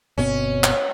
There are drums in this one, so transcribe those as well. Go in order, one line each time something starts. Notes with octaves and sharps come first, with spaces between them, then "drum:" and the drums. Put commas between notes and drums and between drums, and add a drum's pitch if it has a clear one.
G1 B2 C4 C#4
drum: clap